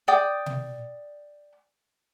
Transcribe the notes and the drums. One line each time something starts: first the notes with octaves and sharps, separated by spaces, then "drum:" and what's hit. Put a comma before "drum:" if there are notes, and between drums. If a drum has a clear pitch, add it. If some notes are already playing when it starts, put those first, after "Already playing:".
D5 G5 D#6
drum: tom B2